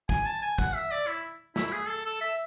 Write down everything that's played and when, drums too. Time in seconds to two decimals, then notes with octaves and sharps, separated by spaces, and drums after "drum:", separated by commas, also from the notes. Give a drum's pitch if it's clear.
0.09 G#5, drum: kick
0.26 A5
0.42 G#5
0.59 F#5, drum: kick
0.75 E5
0.91 D5
1.07 E4
1.56 E4, drum: snare
1.72 G#4
1.89 A4
2.05 A4
2.21 E5